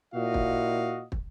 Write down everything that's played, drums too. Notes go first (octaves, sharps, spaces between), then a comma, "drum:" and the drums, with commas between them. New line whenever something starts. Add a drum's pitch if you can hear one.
A#2 E4 F#4 D#5 F5
drum: kick
drum: kick